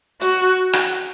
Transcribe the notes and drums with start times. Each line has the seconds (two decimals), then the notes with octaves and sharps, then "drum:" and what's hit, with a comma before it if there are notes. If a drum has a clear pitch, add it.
0.21 F#4, drum: hi-hat
0.73 drum: rim click